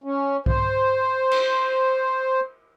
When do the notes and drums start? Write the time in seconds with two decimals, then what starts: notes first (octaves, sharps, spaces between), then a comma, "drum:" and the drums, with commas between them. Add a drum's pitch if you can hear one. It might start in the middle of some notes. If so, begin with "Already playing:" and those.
0.04 C#4
0.46 C5, drum: kick C2
1.31 drum: cymbal